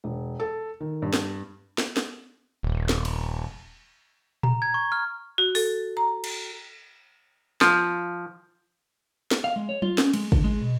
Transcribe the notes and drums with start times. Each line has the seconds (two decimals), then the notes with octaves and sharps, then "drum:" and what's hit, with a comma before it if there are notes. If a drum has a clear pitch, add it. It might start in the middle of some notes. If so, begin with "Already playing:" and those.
0.04 E1
0.40 A4
0.80 D#3
1.02 G2
1.13 drum: snare
1.78 drum: snare
1.97 drum: snare
2.63 D#1
2.89 drum: snare
3.05 drum: cymbal
4.43 A#5, drum: tom A#2
4.62 G#6
4.74 C#6
4.92 F6
5.38 F#4
5.55 A4, drum: open hi-hat
5.97 A#5
6.24 drum: cymbal
7.61 F3, drum: snare
9.31 drum: snare
9.44 F5
9.56 G#3
9.69 C#5
9.82 F4, drum: tom F#3
9.98 C#4, drum: snare
10.14 G#3, drum: cymbal
10.32 D3, drum: kick
10.44 G#3
10.61 B2